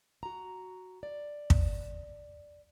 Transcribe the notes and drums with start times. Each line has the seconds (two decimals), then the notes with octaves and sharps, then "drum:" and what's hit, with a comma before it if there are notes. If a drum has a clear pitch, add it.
0.23 F#4 A#5
1.03 D5
1.50 drum: kick